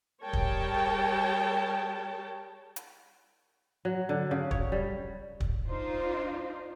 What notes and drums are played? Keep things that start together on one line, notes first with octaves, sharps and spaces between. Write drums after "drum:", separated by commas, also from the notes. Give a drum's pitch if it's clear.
G3 G#4 A#4 C#5 G5 A5
drum: kick
drum: hi-hat
F#3
D3
C#3
C#5, drum: kick
G3
drum: kick
D4 D#4 F4 C5